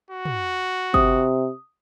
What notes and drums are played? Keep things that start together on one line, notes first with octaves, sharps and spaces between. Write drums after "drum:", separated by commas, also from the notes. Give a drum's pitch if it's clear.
F#4
drum: tom
C3 D#6, drum: kick G1